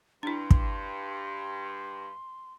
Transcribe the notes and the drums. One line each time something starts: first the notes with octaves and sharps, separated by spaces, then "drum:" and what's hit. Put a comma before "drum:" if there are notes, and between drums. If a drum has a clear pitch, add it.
G2 D4 E4 C6
drum: kick